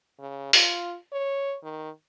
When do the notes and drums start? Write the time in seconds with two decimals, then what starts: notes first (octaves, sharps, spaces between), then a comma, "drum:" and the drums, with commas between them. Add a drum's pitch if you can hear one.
0.19 C#3
0.53 F4, drum: open hi-hat
1.12 C#5
1.63 D#3